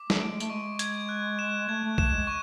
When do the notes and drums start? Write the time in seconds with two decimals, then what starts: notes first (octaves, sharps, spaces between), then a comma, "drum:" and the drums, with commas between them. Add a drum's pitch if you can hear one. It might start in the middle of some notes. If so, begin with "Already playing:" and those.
Already playing: D6
0.10 A3, drum: snare
0.20 D7
0.30 G#3
0.40 A3, drum: tambourine
0.50 G#3 C#6
0.79 G#6, drum: hi-hat
1.09 F#6
1.39 E7
1.68 A3 G#6
1.84 A3
1.98 A3 E7, drum: kick C2
2.13 G#3
2.27 C#6